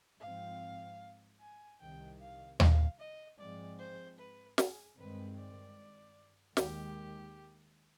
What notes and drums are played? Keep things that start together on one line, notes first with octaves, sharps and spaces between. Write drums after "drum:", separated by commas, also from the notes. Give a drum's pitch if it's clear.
G#2 F3 C4 F5
G#5
C2 C3 D#3 G5
F5
F5, drum: tom D#2
D#5
G#2 F3 G#3 C4 D5
C5
B4
G#4, drum: snare
G2 D#3 G#3 C4 B4
D5
D#2 D#3 G#3 G4, drum: snare